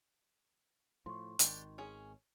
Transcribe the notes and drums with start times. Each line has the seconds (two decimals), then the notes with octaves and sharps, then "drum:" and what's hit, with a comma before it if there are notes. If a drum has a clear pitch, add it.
1.06 A2 F3 C6 C#6
1.39 G#1 D#3 D4 G4, drum: hi-hat
1.78 C#4 G#4